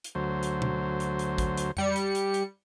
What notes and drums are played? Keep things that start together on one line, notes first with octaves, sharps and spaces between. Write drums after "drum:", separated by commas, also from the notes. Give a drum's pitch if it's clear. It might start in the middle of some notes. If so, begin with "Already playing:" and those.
drum: hi-hat
D2 F#3 C5
drum: hi-hat
drum: tom B2
drum: hi-hat
drum: hi-hat
drum: kick A1, hi-hat
drum: hi-hat
G3 C#7, drum: tom F2
drum: hi-hat
drum: hi-hat
drum: hi-hat